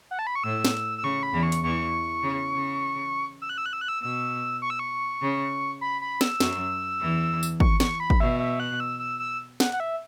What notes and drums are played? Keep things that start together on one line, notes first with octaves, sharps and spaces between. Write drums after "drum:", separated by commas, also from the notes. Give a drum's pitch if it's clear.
F#5
A5
B5
C#6
A2 E6
drum: snare
E6
C#3 C#6
B5
E2 E3
C#6
drum: hi-hat
E2 E3 C#6
C#3
C#3
E6
F#6
E6
F#6
E6
F#6
E6
B2 E6
C#6
E6
C#6
C#3
B5
B5
E6, drum: snare
F#2 F#3, drum: snare
E2 E3
drum: tambourine
C#6, drum: kick
C#6, drum: snare
B5
drum: kick
B2 E5
E5
F#6
E6
E6
E6
F#5, drum: snare
F#5
E5